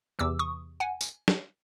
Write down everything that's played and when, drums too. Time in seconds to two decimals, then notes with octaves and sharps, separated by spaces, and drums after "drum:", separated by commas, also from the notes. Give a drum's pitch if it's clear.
0.19 E2 C3 E3 D6 E6
0.39 C#6 D#6
0.80 F#5 G#5
1.01 drum: tambourine
1.28 drum: snare